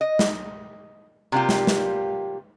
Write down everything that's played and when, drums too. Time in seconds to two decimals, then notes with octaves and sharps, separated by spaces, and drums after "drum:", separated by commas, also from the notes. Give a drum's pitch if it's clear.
0.01 D#5
0.19 drum: snare
1.32 C3 G3 A#3 F4 G4
1.49 drum: snare
1.67 drum: snare